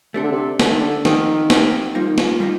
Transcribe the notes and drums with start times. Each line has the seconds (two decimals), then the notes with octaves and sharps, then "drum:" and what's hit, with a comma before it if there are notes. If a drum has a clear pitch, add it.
0.14 C3 A3 D4 A4
0.23 D3
0.31 C3
0.60 D3 A3 D4 A4, drum: snare
0.70 D#3
0.80 D3
1.05 D#3 F3 C4 G4 A#4, drum: snare
1.50 F3 C4 G4 A#4, drum: snare
1.95 F3 G3 A#3 D#4
2.07 D#3
2.18 F3, drum: snare
2.40 G3 A#3 D#4